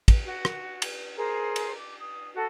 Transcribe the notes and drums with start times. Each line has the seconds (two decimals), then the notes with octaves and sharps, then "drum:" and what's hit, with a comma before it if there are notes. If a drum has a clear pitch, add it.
0.08 drum: kick, cymbal
0.24 F#4
0.45 drum: rim click
0.82 drum: cymbal
1.15 G#4 A#4 C5
1.56 drum: cymbal
1.74 D6
2.00 D#6
2.34 F#4 A4